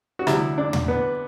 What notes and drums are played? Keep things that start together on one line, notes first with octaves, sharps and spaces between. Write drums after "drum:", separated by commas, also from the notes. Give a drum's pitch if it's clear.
F#4
D2 C3 G3 E4, drum: rim click
D4
drum: tom
B3